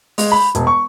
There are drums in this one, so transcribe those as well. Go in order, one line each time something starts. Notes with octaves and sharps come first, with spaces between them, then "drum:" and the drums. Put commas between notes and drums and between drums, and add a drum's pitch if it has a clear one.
G#3, drum: open hi-hat
B5
E1, drum: hi-hat
C#6